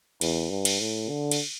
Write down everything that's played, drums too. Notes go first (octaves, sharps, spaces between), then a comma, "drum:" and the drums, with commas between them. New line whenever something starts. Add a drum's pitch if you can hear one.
E2, drum: cymbal
G2
drum: cymbal
A2
D3
drum: cymbal